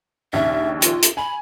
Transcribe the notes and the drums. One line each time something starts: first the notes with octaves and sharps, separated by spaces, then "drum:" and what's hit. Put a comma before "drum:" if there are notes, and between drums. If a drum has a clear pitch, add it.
A#1 D#2 C#3 E5
F4, drum: hi-hat
drum: hi-hat
G#5 B5